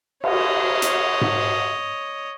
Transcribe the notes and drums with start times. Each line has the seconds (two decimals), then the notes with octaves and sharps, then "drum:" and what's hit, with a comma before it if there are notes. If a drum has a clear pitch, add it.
0.24 C#5 D#5, drum: cymbal
0.82 drum: hi-hat
1.21 drum: tom G#2